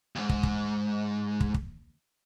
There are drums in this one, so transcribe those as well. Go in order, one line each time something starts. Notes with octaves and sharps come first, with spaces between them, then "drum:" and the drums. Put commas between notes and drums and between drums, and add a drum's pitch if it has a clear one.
D#2 G#2
drum: kick
drum: kick
drum: kick
drum: kick